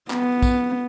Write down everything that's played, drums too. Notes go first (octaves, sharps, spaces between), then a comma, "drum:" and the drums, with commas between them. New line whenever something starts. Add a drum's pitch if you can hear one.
B3, drum: clap
drum: kick, tambourine